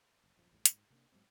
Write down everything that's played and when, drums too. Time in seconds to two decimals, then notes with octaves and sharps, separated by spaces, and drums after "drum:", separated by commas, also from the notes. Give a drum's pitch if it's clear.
0.24 F#1
0.37 D#1 F#2 F3
0.51 A1 F2 A2 G3
0.65 G#2, drum: hi-hat
0.90 C3 A#3 D4
1.12 G#2 F#3 G#3 C4